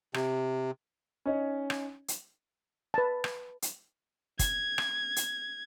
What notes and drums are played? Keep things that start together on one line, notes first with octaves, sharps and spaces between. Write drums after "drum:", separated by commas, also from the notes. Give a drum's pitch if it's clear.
C3, drum: rim click
C#4 D#4 C#5 D#5
drum: rim click
drum: hi-hat
B4 A5
drum: rim click
drum: hi-hat
G#6, drum: kick, hi-hat
drum: rim click
drum: hi-hat